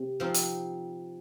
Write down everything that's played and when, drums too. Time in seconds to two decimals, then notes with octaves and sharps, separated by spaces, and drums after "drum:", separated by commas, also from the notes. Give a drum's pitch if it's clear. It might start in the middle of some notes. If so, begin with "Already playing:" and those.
Already playing: C3
0.20 F3 C4 D#4
0.34 drum: hi-hat